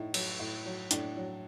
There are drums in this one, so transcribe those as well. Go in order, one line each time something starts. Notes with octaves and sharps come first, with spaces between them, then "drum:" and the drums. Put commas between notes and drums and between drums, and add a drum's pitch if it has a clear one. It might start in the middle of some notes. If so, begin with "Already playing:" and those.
Already playing: A2 D#4 E4
F#3, drum: cymbal
A2
F#3
A2 D4, drum: hi-hat
F#3